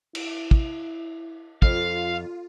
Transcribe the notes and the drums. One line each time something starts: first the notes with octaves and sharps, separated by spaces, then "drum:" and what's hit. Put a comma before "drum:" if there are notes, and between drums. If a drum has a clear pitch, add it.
E4, drum: cymbal
drum: kick
F2 F4 F5, drum: kick